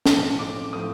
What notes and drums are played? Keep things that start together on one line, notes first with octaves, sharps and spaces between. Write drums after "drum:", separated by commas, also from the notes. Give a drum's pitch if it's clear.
B1 A2 F3 A3 C4 A5, drum: snare
D6
A2 F3 A3 C4 D#6